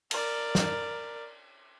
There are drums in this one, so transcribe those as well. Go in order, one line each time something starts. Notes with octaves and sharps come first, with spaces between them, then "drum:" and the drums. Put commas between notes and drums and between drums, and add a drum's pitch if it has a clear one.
A#4 D5, drum: cymbal
drum: snare